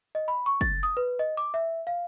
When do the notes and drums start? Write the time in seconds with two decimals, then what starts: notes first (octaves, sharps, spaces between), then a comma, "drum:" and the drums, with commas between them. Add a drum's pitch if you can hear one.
0.15 D#5
0.28 B5
0.46 C#6
0.61 A6, drum: kick
0.83 D#6
0.97 B4
1.19 D#5
1.37 D6
1.54 E5
1.87 F5